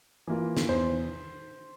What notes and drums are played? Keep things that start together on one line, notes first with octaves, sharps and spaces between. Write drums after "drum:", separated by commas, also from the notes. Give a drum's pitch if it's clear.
E3 A#3 F4
drum: snare
E2 C5